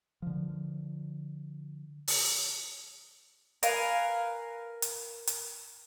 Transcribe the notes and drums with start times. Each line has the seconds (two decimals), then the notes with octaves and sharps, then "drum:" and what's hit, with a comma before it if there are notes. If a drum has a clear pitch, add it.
0.22 D3 F3
2.08 drum: open hi-hat
3.63 A#4 B4 F5 G#5, drum: hi-hat
4.82 drum: hi-hat
5.27 drum: hi-hat